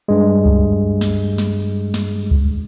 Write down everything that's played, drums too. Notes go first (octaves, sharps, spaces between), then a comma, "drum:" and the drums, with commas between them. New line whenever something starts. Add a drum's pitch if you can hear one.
G2 G#3
drum: kick C#2
drum: snare
drum: snare
drum: snare
drum: kick C#2